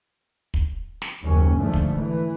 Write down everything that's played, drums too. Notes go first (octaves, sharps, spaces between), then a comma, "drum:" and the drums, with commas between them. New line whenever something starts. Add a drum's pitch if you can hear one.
drum: kick
drum: snare
F#1 D#2 C#4
G#2 D3 F3 A3
drum: kick
E3